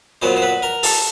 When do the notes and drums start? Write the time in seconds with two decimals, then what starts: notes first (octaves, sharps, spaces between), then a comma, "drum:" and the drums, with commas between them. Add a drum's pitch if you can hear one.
0.22 A#2 F#3 B3 C5
0.37 C5
0.42 B4
0.62 A#4
0.83 A4, drum: open hi-hat